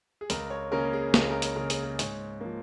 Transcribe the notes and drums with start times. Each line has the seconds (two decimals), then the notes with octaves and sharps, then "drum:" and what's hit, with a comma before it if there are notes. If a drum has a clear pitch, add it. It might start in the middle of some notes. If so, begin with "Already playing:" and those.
0.21 G#4
0.30 C#2 A#4, drum: hi-hat
0.50 C#5
0.72 C#3 A#3 C#4 A#4
0.93 G#4
1.14 C#2 A#4, drum: snare
1.22 G#4
1.31 A#4
1.42 drum: hi-hat
1.56 C#3 A#3 C#4 A#4
1.70 G#4, drum: hi-hat
1.84 A#4
1.99 G#2 C#5, drum: hi-hat
2.41 F3 A#3